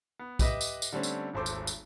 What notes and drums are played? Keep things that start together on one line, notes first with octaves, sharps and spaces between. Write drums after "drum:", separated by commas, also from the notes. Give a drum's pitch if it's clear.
B3
G4 B4 D#5 E5 B5, drum: kick, tambourine
drum: tambourine
drum: tambourine
D3 G3 A3 C4 C#4
drum: tambourine
D#1 G#1 A4 C5 D6
drum: tambourine
drum: tambourine